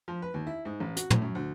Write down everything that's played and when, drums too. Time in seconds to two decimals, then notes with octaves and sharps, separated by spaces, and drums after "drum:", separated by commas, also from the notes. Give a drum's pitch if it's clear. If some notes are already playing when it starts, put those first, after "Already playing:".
0.08 F3
0.22 B4
0.34 D#2
0.47 E4
0.65 G#2
0.80 A1
0.96 F#4, drum: hi-hat
1.10 A2, drum: tom
1.22 F#2
1.35 D2